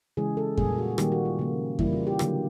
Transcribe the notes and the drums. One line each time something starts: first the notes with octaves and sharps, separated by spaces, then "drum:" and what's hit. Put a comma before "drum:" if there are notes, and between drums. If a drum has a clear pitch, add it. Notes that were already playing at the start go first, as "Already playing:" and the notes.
C#3 E3 G#3 G#4
A4
A#2 G3 A#3 G#4, drum: kick F2
F#4
D#3 G3 A#3 G4, drum: rim click
F#4
F4
C#3 F3 A#3
C#3 E3 G3 A#3 E4, drum: kick F2
F4
G4
D3 F#3 A#3, drum: rim click